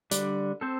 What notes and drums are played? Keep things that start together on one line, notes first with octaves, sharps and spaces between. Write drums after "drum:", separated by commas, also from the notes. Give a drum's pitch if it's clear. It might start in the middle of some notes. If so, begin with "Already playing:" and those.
D3 G3 D4, drum: hi-hat
C4 A4 C5